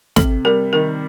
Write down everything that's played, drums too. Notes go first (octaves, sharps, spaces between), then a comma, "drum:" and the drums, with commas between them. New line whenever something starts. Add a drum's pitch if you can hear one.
C3 A4, drum: snare
G3 A#4
D#3 A#4